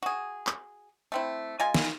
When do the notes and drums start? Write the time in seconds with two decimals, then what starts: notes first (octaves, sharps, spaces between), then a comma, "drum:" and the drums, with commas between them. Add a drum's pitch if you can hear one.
0.03 F#4 G#4
0.47 drum: clap
1.12 A3 C4 E4
1.60 G#3 F4 G#5
1.74 drum: snare